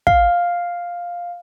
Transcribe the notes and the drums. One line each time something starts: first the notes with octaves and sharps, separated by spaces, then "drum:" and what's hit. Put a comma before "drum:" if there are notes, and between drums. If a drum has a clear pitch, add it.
F5, drum: kick